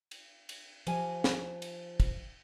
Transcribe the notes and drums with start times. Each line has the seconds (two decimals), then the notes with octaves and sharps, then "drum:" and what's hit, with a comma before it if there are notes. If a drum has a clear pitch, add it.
0.11 drum: cymbal
0.49 drum: cymbal
0.87 F3 G4 G#5, drum: cymbal
1.24 drum: snare
1.62 drum: cymbal
2.00 drum: kick, cymbal